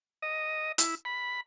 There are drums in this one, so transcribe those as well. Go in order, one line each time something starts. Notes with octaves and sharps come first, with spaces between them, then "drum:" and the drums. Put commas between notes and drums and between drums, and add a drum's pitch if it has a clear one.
D#5
E4, drum: hi-hat
B5